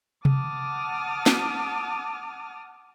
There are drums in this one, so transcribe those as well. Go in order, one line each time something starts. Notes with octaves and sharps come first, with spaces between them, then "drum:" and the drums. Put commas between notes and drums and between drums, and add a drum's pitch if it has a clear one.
F#5 A5 D6 D#6 F6, drum: tom C3
drum: snare